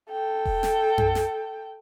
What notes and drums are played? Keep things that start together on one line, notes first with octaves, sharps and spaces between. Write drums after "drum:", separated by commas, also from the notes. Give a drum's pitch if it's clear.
A4 G5
drum: kick E1
drum: snare
drum: tom F#2
drum: snare